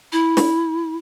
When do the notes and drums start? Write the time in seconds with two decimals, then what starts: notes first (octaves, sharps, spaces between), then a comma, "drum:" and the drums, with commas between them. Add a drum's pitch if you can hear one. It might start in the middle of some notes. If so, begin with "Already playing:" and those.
0.13 E4
0.37 drum: snare